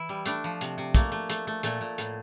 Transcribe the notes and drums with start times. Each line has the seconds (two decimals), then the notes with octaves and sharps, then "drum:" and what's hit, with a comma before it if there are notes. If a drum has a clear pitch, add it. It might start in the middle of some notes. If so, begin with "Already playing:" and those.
Already playing: E3 E4
0.09 G3
0.26 A3 D4, drum: hi-hat
0.44 F3
0.61 C3, drum: hi-hat
0.78 C3
0.95 A3 A#3, drum: kick, hi-hat
1.12 A3
1.30 A3, drum: hi-hat
1.47 A3
1.63 A#2 A3, drum: hi-hat
1.81 A#2
1.98 A2, drum: hi-hat